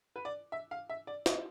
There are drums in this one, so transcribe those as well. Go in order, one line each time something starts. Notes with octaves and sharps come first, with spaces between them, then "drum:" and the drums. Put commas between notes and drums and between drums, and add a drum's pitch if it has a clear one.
B4
D5
E5
F5
E5
D5
D#5, drum: snare